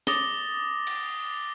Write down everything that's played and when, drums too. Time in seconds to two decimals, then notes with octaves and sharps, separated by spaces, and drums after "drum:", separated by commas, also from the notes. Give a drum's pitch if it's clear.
0.07 D6 D#6 A6 A#6 G7, drum: snare
0.87 drum: cymbal